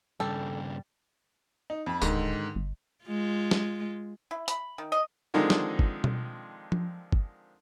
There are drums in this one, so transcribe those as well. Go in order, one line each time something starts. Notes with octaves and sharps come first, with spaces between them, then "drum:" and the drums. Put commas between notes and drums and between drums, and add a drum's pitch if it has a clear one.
G2 C#3 G3 A4
D#4
F2 B5
D1 G#2 D3 D#3, drum: tambourine
G1
G#3 F4
drum: snare
E4
B5, drum: hi-hat
D#3
D#5
D3 D#3 F3 G#3 C4 D#4
drum: snare
drum: kick
drum: tom B2
drum: tom F3
drum: kick